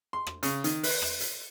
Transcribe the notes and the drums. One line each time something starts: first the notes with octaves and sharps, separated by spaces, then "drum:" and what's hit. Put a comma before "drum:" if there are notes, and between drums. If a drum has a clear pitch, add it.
C6
drum: rim click
C#3, drum: hi-hat
D#3, drum: hi-hat
B4, drum: open hi-hat
drum: rim click
drum: hi-hat